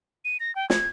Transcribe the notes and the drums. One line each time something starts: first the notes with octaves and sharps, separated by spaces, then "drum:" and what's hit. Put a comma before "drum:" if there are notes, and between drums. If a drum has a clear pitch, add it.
D#7
A#6
G5
G#6, drum: snare